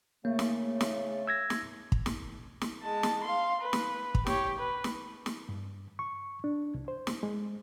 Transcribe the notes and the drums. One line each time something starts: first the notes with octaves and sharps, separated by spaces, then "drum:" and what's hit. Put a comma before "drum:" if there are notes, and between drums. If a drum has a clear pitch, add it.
C#3 A3 A#3
drum: snare
drum: snare
E6 G#6 A#6
drum: snare
drum: kick
drum: snare
drum: snare
G#3 A5
drum: snare
F5 C6
B4
drum: snare
drum: kick
G4 C#5, drum: snare
B4
drum: snare
drum: snare
G2
C#6
D4
C2
C5
drum: snare
G#3